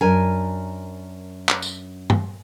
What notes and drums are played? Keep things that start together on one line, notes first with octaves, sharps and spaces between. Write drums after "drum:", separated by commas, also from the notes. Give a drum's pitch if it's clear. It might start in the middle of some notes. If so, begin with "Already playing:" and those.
F#2 D4 A#4 G#5
drum: clap
drum: tambourine
drum: tom G2